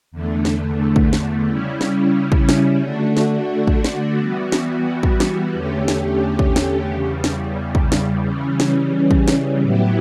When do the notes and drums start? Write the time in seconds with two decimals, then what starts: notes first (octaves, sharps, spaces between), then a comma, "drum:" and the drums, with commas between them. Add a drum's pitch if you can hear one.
0.12 E2 D3 A3
0.45 drum: snare
0.96 drum: kick
1.13 drum: snare
1.47 C#3 G3 C#4 E4
1.81 drum: snare
2.32 drum: kick
2.49 drum: snare
2.82 D3 A3 D4 F#4
3.17 drum: snare
3.67 drum: kick
3.84 drum: snare
4.18 E3 G3 B3 F#4
4.52 drum: snare
5.03 drum: kick
5.20 drum: snare
5.54 E2 D3 A3 C#4 G4
5.88 drum: snare
6.39 drum: kick
6.56 drum: snare
6.90 E2 C#3 G3
7.24 drum: snare
7.75 drum: kick
7.92 drum: snare
8.26 C#3 E3 G3 C#4
8.60 drum: snare
9.11 drum: kick
9.28 drum: snare
9.62 A2 F#3 B3 E4 G4